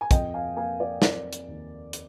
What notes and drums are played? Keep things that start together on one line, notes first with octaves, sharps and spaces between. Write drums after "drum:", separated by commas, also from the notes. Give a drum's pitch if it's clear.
G#5
F2 D#5 G5, drum: kick, hi-hat
F5 G#5
A#3 F5 G#5
D5 F5
C4 A#4 D5, drum: snare
drum: hi-hat
D#2
drum: hi-hat